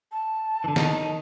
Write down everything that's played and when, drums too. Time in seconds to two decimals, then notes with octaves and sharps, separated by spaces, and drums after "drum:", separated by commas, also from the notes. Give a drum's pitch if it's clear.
0.12 A5
0.64 D3 E3
0.76 D#3 D#4, drum: snare